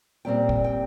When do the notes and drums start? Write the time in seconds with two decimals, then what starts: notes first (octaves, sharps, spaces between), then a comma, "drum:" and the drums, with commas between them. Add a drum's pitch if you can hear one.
0.25 A#2 G3 C4 G5
0.49 drum: kick
0.64 G5